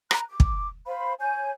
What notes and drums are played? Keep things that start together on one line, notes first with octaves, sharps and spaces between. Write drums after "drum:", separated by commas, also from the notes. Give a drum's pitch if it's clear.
A#5 B5 F#6, drum: rim click
D6
drum: kick
C5 F5 B5
C#5 G#5 G6